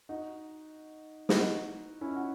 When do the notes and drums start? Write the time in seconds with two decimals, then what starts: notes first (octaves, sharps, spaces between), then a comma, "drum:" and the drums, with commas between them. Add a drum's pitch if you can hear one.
0.09 D#4 F#4
1.29 E4, drum: snare
1.37 D#4 F#4
2.01 C#4 E4
2.16 F#4